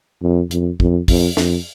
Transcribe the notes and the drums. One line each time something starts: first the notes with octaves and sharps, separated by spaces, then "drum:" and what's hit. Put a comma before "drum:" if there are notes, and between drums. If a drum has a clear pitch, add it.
F2
F2, drum: hi-hat
F2, drum: kick
F2, drum: kick, open hi-hat
F2, drum: snare